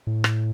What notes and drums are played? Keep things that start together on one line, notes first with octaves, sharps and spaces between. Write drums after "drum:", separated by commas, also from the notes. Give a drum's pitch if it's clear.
A2
drum: rim click